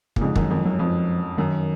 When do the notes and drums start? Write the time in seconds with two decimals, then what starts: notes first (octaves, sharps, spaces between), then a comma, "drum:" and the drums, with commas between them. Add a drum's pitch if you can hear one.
0.16 A#2, drum: kick
0.21 F2 G#2 C#3
0.36 F#2 D#3, drum: kick
0.50 F2 D#3
0.65 F#2 F#3
0.79 F2 F3
1.38 F#2 D#3